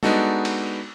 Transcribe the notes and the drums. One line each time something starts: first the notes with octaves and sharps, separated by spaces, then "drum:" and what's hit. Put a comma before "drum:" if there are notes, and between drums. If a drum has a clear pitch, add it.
G#3 B3 D4 D#4 F#4 A4, drum: tom G3
drum: cymbal